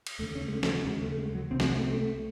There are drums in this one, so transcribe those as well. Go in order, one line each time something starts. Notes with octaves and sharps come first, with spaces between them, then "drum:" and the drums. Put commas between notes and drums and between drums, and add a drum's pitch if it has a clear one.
drum: cymbal
D#2 C#3 A3
C#4
G#3
A3
A3, drum: snare
F#3
D#2 C#3 G#3
A3
A3
G#3
F#3
C2 C3 C4
A3, drum: snare
C4
A3
C4
A3